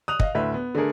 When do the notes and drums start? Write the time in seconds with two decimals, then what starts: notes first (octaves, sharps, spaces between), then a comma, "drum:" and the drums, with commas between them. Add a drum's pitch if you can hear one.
0.08 D#6 F#6 F7
0.20 D#5 F5, drum: kick
0.35 D2 A2 B4 E5
0.54 B3
0.75 D3 A3 D4 G#4 A#4